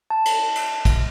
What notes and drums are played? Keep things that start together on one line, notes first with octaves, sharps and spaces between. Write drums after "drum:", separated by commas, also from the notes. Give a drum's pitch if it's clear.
A5
drum: cymbal
drum: cymbal
drum: kick, cymbal